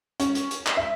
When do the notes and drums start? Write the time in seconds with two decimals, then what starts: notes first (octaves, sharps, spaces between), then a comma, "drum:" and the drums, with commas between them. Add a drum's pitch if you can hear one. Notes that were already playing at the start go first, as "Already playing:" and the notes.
0.20 C#4, drum: hi-hat
0.35 drum: hi-hat
0.51 drum: hi-hat
0.67 drum: clap
0.77 E5